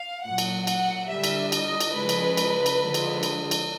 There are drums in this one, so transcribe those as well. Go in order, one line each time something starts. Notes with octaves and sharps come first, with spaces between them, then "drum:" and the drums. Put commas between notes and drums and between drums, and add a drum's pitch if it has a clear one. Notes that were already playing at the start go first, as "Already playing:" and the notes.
Already playing: F5
A#2 F#3 F#5
drum: cymbal
F#5, drum: cymbal
D3 G3 E5
drum: cymbal
D#5, drum: cymbal
drum: cymbal
C#3 F3 G#3 B4
drum: cymbal
drum: cymbal
drum: cymbal
D3 F3 G#3
drum: cymbal
drum: cymbal
drum: cymbal